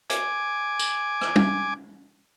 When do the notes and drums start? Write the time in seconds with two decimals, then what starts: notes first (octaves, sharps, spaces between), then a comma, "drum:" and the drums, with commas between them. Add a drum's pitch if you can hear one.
0.10 G#5 D6, drum: hi-hat
0.79 drum: tambourine
1.21 drum: rim click
1.36 drum: tom